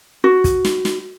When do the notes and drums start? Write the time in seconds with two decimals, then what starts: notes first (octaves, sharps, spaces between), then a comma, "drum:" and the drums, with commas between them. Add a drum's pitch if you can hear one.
0.24 F#4
0.44 drum: kick, hi-hat
0.65 drum: snare
0.85 drum: snare